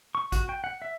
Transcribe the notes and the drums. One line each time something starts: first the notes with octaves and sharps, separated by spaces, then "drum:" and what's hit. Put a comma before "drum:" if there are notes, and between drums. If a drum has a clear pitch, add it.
C#6
F#4, drum: kick A1, hi-hat
G5
F#5
E5